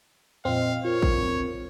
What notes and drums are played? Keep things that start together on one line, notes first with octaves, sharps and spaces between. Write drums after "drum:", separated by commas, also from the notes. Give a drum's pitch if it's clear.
F2 A#2 C4 D#5 F5
F4 A#4 C#5
drum: kick